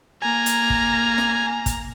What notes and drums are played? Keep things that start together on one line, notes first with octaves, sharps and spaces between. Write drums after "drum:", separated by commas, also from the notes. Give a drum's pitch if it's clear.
A#3 G#5 A#5
drum: hi-hat
drum: kick
drum: snare
drum: kick, hi-hat